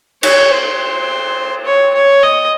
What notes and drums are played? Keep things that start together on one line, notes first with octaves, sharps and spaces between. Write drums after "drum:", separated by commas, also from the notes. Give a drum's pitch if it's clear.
C#5, drum: cymbal
C5
C#5
C#5
D#5